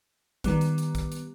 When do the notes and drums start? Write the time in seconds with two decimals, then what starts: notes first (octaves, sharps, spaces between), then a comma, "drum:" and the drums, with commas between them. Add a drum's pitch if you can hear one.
0.44 D#3 G3 B3, drum: kick, hi-hat
0.61 drum: hi-hat
0.78 drum: hi-hat
0.95 drum: kick, hi-hat
1.12 drum: hi-hat